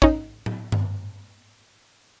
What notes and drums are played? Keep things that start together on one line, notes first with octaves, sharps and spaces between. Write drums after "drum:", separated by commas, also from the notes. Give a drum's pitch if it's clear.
C#4 D#4, drum: kick
drum: tom A2
drum: tom G2